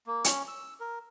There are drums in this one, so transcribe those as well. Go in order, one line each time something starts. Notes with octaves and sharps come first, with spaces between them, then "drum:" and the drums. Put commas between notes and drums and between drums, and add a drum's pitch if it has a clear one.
A#3
C#4, drum: hi-hat
E6
A#4